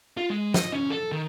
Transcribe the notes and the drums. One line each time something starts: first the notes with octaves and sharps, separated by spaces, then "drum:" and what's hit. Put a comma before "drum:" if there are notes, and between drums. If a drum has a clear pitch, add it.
F4
G#3
D#5, drum: snare
C#4
A4
D#3